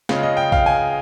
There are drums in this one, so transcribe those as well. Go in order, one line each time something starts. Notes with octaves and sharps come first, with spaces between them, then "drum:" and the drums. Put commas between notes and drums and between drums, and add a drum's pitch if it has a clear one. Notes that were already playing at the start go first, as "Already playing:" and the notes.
C#3 G#3 C#4 F4, drum: snare
D#5
G5
F5, drum: kick
G#5